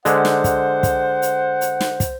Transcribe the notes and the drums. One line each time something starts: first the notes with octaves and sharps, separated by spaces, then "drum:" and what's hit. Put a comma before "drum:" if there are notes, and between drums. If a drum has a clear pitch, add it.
D3 G#3 C5 F#5, drum: hi-hat
drum: snare
drum: kick, hi-hat
drum: kick, hi-hat
drum: hi-hat
drum: hi-hat
drum: snare
drum: kick, hi-hat